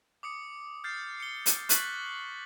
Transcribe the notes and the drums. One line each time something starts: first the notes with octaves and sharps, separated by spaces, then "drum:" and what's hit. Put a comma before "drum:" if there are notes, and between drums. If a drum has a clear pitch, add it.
D6 D#6 C#7
F6 G6 A6 C7
C#7 G7
drum: hi-hat
C#6 F#6 A6 B6 F#7, drum: hi-hat